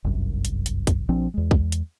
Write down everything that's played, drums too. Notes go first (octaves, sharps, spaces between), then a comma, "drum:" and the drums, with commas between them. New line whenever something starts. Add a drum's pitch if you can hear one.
G1 C2 F#2
drum: hi-hat
drum: hi-hat
drum: kick, hi-hat
A#1 F3 C4 D4
E2 G#3
drum: kick
drum: hi-hat